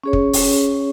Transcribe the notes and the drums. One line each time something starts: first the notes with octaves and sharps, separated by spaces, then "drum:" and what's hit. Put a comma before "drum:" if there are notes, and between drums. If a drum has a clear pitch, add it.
C#4 G#4 C#5
drum: kick
drum: open hi-hat